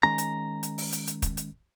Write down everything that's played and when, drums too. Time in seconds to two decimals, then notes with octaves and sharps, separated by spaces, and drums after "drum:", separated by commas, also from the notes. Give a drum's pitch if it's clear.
0.03 D#3 G#3 C#4 A#5
0.18 drum: hi-hat
0.63 drum: hi-hat
0.78 drum: open hi-hat
0.93 drum: hi-hat
1.07 drum: hi-hat
1.22 drum: kick, hi-hat
1.37 drum: hi-hat